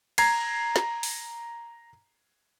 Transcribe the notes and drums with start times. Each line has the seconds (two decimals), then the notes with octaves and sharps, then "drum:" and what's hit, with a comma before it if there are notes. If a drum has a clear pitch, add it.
0.18 A#5 G#6 C7, drum: cymbal
0.76 drum: snare
1.03 drum: open hi-hat